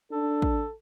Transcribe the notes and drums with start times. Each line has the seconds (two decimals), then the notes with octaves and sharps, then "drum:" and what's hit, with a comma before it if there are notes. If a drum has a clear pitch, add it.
0.12 D4 A4
0.42 drum: kick